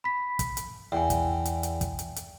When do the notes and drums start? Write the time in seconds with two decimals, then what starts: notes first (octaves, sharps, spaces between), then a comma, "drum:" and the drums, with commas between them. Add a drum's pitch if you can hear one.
0.04 B5 B6
0.39 drum: kick, hi-hat
0.57 drum: hi-hat
0.92 E2 G5 G#5
1.10 drum: kick, hi-hat
1.45 drum: hi-hat
1.63 drum: hi-hat
1.81 drum: kick, hi-hat
1.99 drum: hi-hat
2.16 drum: hi-hat